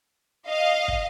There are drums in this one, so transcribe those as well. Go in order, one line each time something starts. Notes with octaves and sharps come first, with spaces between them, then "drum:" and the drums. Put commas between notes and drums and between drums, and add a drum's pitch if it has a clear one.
D#5 F5
drum: kick